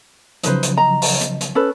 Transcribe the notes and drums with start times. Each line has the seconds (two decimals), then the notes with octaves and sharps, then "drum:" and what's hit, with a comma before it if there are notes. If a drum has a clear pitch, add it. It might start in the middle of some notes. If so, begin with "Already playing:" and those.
0.43 C#3 F3 F#3 D#4 B4 C5, drum: hi-hat
0.63 drum: hi-hat
0.77 D#5 A#5
1.02 drum: open hi-hat
1.21 drum: hi-hat
1.41 drum: hi-hat
1.55 C#4 A4 B4